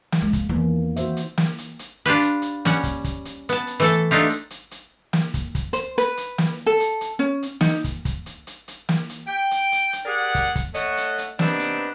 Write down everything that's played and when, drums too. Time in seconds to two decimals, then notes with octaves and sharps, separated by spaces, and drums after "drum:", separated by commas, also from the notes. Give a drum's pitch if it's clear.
0.12 drum: snare
0.22 F3 G#3
0.33 drum: kick, hi-hat
0.49 E2 D#3 E3 A#3
0.96 F#4 C5 E5, drum: hi-hat
1.17 drum: hi-hat
1.37 drum: snare
1.58 drum: hi-hat
1.79 drum: hi-hat
2.06 D4 F4 G4 B4
2.21 drum: hi-hat
2.42 drum: hi-hat
2.65 G3 C#4 F#5, drum: snare
2.84 drum: kick, hi-hat
3.04 drum: kick, hi-hat
3.25 drum: hi-hat
3.49 B3 A5, drum: hi-hat
3.67 drum: hi-hat
3.80 E3 A3 A4
4.11 A3 D4 D#4 F4 G4, drum: hi-hat
4.30 drum: hi-hat
4.50 drum: hi-hat
4.71 drum: hi-hat
5.13 drum: snare
5.34 drum: kick, hi-hat
5.55 drum: kick, hi-hat
5.73 C5, drum: hi-hat
5.98 B4, drum: hi-hat
6.17 drum: hi-hat
6.38 drum: snare
6.66 A4
6.80 drum: hi-hat
7.01 drum: hi-hat
7.19 C#4
7.43 drum: hi-hat
7.61 D#4, drum: snare
7.84 drum: kick, hi-hat
8.05 drum: kick, hi-hat
8.26 drum: hi-hat
8.47 drum: hi-hat
8.68 drum: hi-hat
8.89 drum: snare
9.09 drum: hi-hat
9.28 G5
9.51 drum: hi-hat
9.72 drum: hi-hat
9.93 drum: hi-hat
10.06 G4 G#4 A#4 D5 F#5
10.35 drum: kick, hi-hat
10.56 drum: kick, hi-hat
10.74 A3 A4 C#5 D#5 F#5, drum: hi-hat
10.97 drum: hi-hat
11.18 drum: hi-hat
11.39 C3 B3 C4 D4 D#4 B4, drum: snare
11.60 drum: hi-hat